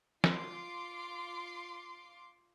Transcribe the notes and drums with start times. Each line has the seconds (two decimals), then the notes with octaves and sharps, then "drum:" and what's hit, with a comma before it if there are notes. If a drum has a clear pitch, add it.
0.24 F4 C6 D6, drum: snare